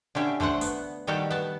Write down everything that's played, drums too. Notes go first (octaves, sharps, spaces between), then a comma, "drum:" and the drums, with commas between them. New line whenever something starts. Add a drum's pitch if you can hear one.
D3 C#4 G4 E5
D3 A3 C5 F#5, drum: kick
B3, drum: hi-hat
D#3 G3 F#4 G4 A4 G5
B3 A5